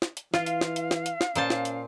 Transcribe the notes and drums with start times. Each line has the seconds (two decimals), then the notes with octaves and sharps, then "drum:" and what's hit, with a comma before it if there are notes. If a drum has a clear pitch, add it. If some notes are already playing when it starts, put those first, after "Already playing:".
0.02 drum: snare
0.17 drum: hi-hat
0.34 E3 F4 F5, drum: snare
0.46 drum: hi-hat
0.61 drum: snare
0.76 drum: hi-hat
0.91 drum: snare
1.06 drum: hi-hat
1.21 drum: snare
1.36 A#2 C#4 C5 A5, drum: hi-hat
1.50 drum: snare
1.65 drum: hi-hat